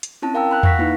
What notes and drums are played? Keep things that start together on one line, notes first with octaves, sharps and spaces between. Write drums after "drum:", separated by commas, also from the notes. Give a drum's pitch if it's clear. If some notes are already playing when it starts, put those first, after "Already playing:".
drum: hi-hat
C4 C#4 E4 A5
A#4 F5 G5 A#5 E6
B5 F#6
F5 F#5 C#6 A#6 B6, drum: tom E2
A#3 D#4 E4 B4